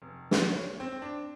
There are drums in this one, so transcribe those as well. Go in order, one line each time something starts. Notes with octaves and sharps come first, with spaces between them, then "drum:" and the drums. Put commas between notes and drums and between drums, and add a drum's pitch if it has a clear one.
F1
A#3, drum: snare
C#5
C4
D4